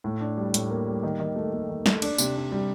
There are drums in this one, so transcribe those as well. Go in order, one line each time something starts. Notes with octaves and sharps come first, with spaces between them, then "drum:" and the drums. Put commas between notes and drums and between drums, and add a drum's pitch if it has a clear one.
A2
D4
G3
A2, drum: hi-hat
A#3
G3
D#3
D#3
A3
A3
D#3
A3, drum: snare
D4, drum: cymbal
C3, drum: tambourine
D4
G3